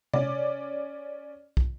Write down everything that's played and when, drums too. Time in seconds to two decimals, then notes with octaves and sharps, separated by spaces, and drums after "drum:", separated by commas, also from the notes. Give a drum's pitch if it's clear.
0.13 C#4 D5, drum: tom C3
1.57 drum: kick